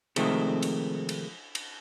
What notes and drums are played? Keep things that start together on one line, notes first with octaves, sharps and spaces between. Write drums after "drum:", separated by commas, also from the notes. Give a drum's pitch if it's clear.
C3 D#3 F3 G#3 A3 C4, drum: cymbal
drum: cymbal
drum: cymbal
drum: cymbal